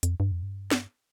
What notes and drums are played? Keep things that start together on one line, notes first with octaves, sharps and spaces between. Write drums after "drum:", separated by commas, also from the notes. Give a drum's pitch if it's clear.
F2, drum: hi-hat
G2
F2
G2
drum: snare